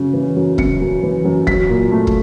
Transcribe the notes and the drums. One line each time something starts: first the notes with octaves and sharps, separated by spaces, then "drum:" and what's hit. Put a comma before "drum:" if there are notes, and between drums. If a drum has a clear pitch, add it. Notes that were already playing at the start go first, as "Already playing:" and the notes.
Already playing: F#2 C#3
E3
F#2
C#3 C#7, drum: kick
F#2
E3
F#2
F#3 B6, drum: kick
A#2
A3
drum: kick